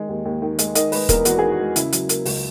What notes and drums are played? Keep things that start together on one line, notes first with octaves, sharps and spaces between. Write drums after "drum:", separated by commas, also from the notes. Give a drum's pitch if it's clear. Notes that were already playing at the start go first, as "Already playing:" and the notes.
Already playing: D#3 G#3
D#2
D#2
D#3
G#3, drum: hi-hat
D#3 D#5, drum: hi-hat
G#3 B4, drum: open hi-hat
E2 A#4, drum: kick, hi-hat
E2 F#4, drum: hi-hat
D#3 G#4
F#4
G#3
C#3 E4, drum: hi-hat
F#3, drum: hi-hat
A#3, drum: hi-hat
C#2, drum: open hi-hat